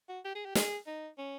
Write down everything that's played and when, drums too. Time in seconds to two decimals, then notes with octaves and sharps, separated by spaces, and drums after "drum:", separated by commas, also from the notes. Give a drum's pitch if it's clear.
0.09 F#4
0.25 G4
0.35 G#4
0.45 G4
0.55 G#4, drum: snare
0.86 D#4
1.18 C#4